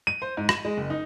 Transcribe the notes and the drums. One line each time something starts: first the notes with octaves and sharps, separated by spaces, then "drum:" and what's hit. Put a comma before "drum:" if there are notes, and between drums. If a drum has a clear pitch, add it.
D#7
C5
G#2
E7, drum: rim click
G#3
F#1
D#4